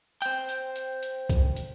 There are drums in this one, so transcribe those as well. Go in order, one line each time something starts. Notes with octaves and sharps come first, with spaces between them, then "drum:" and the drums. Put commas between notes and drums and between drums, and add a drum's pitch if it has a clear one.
C5 G5, drum: hi-hat
drum: hi-hat
drum: hi-hat
drum: hi-hat
drum: kick B1, hi-hat
drum: hi-hat